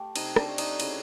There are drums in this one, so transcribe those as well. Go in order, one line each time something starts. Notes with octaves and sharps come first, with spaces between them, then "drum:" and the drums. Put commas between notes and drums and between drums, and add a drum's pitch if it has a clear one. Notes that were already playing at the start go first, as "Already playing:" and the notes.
Already playing: A3 G4
C3 D#4, drum: cymbal
D4, drum: rim click
A3
D#4, drum: cymbal
C#3 E4, drum: cymbal